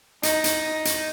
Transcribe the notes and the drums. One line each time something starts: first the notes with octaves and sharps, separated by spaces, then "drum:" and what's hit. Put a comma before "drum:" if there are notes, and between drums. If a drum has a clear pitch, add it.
D#4, drum: hi-hat
drum: hi-hat
drum: hi-hat